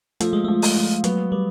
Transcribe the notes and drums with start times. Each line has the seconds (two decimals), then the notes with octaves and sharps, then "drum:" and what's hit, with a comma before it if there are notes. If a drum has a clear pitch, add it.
0.20 F3 A3, drum: hi-hat
0.33 G#3
0.44 F3 A3
0.62 drum: open hi-hat
0.76 F3
1.04 F#3 B3, drum: hi-hat
1.32 G3 B3